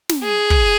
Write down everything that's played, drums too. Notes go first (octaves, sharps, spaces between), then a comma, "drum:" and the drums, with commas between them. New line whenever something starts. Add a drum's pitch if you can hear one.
drum: snare
G#4
drum: kick